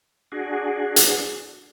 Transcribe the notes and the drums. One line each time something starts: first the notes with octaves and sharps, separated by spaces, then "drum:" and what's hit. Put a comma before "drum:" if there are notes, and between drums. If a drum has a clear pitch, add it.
D4 F#4 G#4
drum: hi-hat